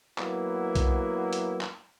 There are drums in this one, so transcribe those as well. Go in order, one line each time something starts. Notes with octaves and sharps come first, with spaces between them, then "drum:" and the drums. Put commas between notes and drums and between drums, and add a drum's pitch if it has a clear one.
F#3 A#3 B3 E4, drum: clap
drum: kick B1, hi-hat
drum: hi-hat
drum: clap